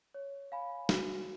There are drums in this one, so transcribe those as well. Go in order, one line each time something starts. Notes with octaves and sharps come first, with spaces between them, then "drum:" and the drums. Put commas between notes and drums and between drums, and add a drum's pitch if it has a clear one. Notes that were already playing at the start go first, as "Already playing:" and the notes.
C#5
F5 G#5 B5
F#4, drum: snare